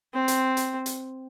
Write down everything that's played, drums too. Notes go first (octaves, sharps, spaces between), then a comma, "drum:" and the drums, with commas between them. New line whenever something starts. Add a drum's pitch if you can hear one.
C4
drum: hi-hat
drum: hi-hat
drum: hi-hat